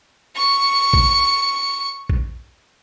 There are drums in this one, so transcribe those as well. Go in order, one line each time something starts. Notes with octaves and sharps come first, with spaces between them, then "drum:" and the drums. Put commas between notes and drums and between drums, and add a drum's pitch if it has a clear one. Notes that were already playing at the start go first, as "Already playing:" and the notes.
C#6 C#7
drum: kick A#1
drum: kick A#1